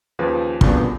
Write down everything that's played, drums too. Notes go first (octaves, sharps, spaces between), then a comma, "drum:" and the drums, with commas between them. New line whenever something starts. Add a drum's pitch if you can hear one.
D#2 C#3 F3 B4
D2 G2 A#2 C#3 B3 D4, drum: kick